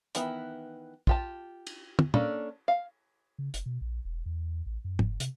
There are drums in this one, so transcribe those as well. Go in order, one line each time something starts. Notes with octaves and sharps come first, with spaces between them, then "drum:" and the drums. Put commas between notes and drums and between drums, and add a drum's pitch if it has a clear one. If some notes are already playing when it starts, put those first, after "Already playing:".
D#3 E3 B3 E4, drum: hi-hat
F4 G4 A5, drum: kick
drum: cymbal
drum: tom
A#3 C#4 D4 A4, drum: tom
F5
C#3
F#1, drum: hi-hat
B2
A#1
E1
E2
A1
F#2
F#1, drum: tom
C3, drum: hi-hat